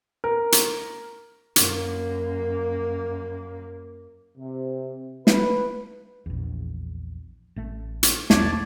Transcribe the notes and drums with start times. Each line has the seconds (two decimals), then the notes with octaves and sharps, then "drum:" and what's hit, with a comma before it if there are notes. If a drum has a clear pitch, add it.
0.24 A#4
0.52 drum: hi-hat
1.56 F#2 A#3, drum: hi-hat
4.38 C3
5.27 B4, drum: snare
6.26 A#1 E2
7.56 A1 A3
8.03 drum: hi-hat
8.30 B1 E2 C#5 D5 A5, drum: snare